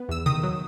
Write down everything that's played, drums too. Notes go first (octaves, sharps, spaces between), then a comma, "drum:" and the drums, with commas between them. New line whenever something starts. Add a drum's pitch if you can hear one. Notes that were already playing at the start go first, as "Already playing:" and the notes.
Already playing: B3
E2 E6
D#3 D#6, drum: tom B2
F#3